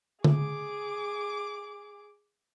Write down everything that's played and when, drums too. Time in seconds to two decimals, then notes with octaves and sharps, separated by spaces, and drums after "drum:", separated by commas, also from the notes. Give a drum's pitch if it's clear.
0.24 G#4 D6, drum: tom D3